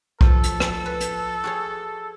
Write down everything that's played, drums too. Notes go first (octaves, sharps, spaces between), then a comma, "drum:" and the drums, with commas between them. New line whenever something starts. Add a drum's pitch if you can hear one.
F3 A4, drum: kick B1
drum: hi-hat
drum: rim click
B4
drum: hi-hat
F#4 G#4 C#5